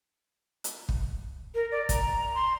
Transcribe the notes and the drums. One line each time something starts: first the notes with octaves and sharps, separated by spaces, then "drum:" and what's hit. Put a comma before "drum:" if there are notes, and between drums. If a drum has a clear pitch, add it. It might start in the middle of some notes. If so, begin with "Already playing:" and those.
drum: hi-hat
drum: kick
A#4
D5
A#5, drum: kick, hi-hat
C6